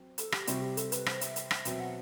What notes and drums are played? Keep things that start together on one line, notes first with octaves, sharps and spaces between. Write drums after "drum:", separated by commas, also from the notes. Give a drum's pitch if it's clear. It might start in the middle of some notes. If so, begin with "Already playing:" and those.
Already playing: F#3 C4
A4, drum: hi-hat
G4, drum: rim click
C3 G3 C4 E4 F#4, drum: hi-hat
G4
A4, drum: hi-hat
B4, drum: hi-hat
C5, drum: rim click
E5, drum: hi-hat
drum: hi-hat
drum: rim click
B2 F#3 C4 E5, drum: hi-hat
F#5